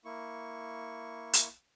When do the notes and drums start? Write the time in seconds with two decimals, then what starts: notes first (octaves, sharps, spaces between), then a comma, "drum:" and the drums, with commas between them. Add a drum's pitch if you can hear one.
0.05 A#3 E4 C#6
1.33 drum: hi-hat